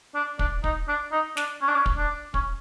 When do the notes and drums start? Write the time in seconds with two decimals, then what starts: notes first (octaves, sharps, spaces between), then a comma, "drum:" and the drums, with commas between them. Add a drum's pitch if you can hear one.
0.15 D4
0.39 D4, drum: kick
0.64 D#4, drum: kick
0.88 D4
1.12 D#4
1.37 D4, drum: snare
1.62 C#4
1.68 D4
1.76 C#4
1.86 drum: kick
1.98 D4
2.34 C#4, drum: kick